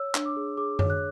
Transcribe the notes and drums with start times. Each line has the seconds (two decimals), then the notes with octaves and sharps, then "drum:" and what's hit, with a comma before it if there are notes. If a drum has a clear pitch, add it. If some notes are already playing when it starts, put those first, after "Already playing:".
Already playing: C#5 E6
0.15 D4, drum: clap
0.26 D6
0.36 G#4
0.57 G#4 D6
0.79 C#5, drum: tom F#2
0.90 F#6